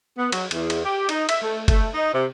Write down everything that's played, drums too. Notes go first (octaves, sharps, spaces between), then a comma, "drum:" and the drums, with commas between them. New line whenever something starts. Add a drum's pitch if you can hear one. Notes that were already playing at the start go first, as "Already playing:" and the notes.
B3
F#3, drum: cymbal
E2, drum: cymbal
drum: cymbal
G4
D#4, drum: cymbal
E5, drum: cymbal
A3
A3, drum: kick, cymbal
D#4
C3